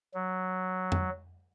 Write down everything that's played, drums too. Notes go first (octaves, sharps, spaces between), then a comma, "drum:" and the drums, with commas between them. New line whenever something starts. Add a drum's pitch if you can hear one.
F#3
drum: tom F2